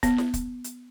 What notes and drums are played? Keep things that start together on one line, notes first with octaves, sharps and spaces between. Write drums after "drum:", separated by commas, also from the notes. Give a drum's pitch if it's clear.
B3, drum: kick, hi-hat
drum: snare
drum: kick, hi-hat
drum: hi-hat